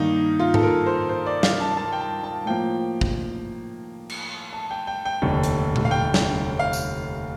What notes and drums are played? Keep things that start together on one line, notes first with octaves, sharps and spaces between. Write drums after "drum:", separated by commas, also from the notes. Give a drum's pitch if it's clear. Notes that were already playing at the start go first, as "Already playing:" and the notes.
Already playing: G2 D#3 A#3 D#4
F4
A4, drum: tom G#2
A#4
C5
C5
D5
F5, drum: snare
A5
A5
G5
A5
A5
A2 F3 A#3 G5
drum: kick
drum: cymbal
A5
G5
G5
G5
F1 D#2 D3
drum: hi-hat
drum: tom A#2
F5
G5
drum: snare
F5
drum: tambourine